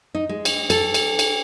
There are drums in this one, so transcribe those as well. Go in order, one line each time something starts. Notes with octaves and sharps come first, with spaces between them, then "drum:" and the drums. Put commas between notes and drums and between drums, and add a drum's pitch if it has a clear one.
D#4
G#3
drum: cymbal
A4, drum: cymbal
drum: cymbal
drum: cymbal